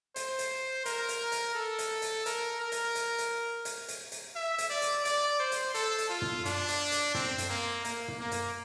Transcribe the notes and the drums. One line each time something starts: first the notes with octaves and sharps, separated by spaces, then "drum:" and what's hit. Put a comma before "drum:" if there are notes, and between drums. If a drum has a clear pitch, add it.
C5, drum: hi-hat
drum: hi-hat
A#4, drum: hi-hat
drum: hi-hat
drum: hi-hat
A4
drum: hi-hat
drum: hi-hat
A#4, drum: hi-hat
A#4
drum: hi-hat
drum: hi-hat
drum: hi-hat
drum: hi-hat
drum: hi-hat
drum: hi-hat
E5
drum: hi-hat
D5
drum: hi-hat
D5, drum: hi-hat
C5
drum: hi-hat
A4, drum: hi-hat
drum: hi-hat
F4
drum: tom
D4, drum: hi-hat
drum: hi-hat
drum: hi-hat
C4, drum: tom
drum: hi-hat
A#3
A#3, drum: hi-hat
drum: tom
A#3
drum: hi-hat